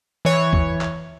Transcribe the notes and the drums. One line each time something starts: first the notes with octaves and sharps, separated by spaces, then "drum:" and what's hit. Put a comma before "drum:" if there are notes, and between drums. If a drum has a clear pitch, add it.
E3 C#5
drum: kick
drum: clap